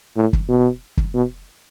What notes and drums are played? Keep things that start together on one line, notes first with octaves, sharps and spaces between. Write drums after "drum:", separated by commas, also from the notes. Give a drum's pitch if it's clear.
A2
drum: kick
B2
drum: kick
B2